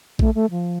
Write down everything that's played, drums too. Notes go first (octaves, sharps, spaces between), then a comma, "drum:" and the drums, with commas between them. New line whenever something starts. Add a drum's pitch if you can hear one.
A3, drum: kick A#1
A3
F3